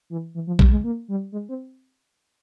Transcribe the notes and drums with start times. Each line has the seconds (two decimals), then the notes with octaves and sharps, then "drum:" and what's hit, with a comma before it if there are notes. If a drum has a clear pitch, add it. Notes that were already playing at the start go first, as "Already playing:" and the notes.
0.10 E3
0.35 E3
0.47 F3
0.59 G3, drum: kick B1
0.71 G#3
0.84 A#3
1.08 G3
1.32 G#3
1.49 C4